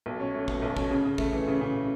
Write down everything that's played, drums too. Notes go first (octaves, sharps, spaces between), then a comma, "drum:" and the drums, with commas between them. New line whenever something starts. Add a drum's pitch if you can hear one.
B1
C#4
A3
B2, drum: kick
B1
C#4, drum: kick
C#3
C#3
A3, drum: kick
E3
C#3
C#3